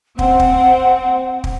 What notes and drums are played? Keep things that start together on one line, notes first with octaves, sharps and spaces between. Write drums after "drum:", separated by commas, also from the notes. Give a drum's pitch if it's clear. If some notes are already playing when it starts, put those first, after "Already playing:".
C4 F#5, drum: kick
drum: kick
drum: kick